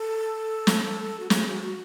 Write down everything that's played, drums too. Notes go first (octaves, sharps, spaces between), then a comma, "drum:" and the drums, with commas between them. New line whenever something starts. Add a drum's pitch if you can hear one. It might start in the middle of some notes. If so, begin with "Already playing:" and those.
Already playing: A4
drum: snare
F#4
G#4, drum: snare
F#4
F#4